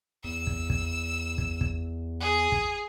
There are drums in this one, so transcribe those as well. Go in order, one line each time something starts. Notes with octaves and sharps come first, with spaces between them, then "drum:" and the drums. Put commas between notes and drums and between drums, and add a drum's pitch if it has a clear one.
E2 E6
drum: kick
drum: kick
drum: kick
drum: kick
G#4
drum: kick